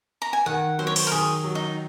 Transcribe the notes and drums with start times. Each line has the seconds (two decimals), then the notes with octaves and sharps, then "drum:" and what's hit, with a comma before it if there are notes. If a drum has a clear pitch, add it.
0.22 A#5
0.33 G#5
0.46 D#3 F#5
0.79 F#3 C5
0.87 C#5
0.96 C5, drum: cymbal
1.07 A#4
1.12 D#3 G#4
1.44 F#3
1.55 D#4